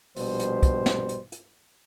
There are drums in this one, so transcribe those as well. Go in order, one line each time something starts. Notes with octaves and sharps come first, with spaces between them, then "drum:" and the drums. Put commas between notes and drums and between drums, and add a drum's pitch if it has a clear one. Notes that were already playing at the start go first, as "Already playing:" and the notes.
A#1 B2 G3 C5, drum: open hi-hat
drum: hi-hat
drum: kick, hi-hat
drum: snare
drum: hi-hat
drum: hi-hat